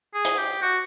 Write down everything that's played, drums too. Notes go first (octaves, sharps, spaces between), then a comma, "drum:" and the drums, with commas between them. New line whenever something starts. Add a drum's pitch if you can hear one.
G#4
drum: hi-hat
G4
F#4